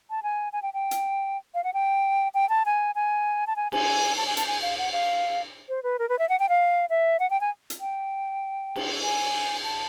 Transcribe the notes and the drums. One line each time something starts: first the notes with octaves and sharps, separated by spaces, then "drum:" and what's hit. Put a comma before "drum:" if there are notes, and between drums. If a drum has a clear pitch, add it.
A5
G#5
G#5
G5
G5
drum: hi-hat
F5
F#5
G5
G5
A5
G#5
G#5
A5
G#5
G#5, drum: cymbal
A5
G#5
A5, drum: hi-hat
G#5
F5
F#5
F5
C5
B4
A#4
B4
E5
F#5
G5
F5
E5
F#5
G5
G#5
drum: hi-hat
G5
drum: cymbal
G#5
A5